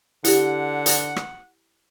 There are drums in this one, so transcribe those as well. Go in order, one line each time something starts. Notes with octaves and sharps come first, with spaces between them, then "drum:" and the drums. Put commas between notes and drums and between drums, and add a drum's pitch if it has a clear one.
D3 E4 G4 F#5, drum: hi-hat
drum: hi-hat
drum: rim click